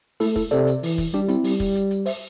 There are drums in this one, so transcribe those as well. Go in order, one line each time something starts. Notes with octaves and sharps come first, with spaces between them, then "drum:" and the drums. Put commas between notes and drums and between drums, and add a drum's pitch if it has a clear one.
A3 E4 A4, drum: open hi-hat
E4 A4, drum: kick, hi-hat
C3 A4 D5, drum: hi-hat
drum: hi-hat
E3, drum: open hi-hat
drum: kick, hi-hat
G3 D4 G4, drum: hi-hat
C4 E4, drum: hi-hat
G3, drum: open hi-hat
drum: kick, hi-hat
drum: hi-hat
drum: hi-hat
C5 E5, drum: open hi-hat